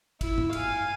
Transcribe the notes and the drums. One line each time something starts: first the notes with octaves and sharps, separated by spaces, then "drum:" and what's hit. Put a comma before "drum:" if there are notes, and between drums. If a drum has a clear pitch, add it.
E4, drum: kick, cymbal
drum: tom
F5 G#5, drum: cymbal